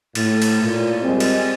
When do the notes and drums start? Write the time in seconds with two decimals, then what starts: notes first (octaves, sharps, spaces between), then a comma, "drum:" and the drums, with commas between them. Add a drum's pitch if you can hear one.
0.15 A2, drum: cymbal
0.42 drum: cymbal
0.63 A#2
1.02 C3 G3 G#3 C4 A#4 D#5
1.20 drum: cymbal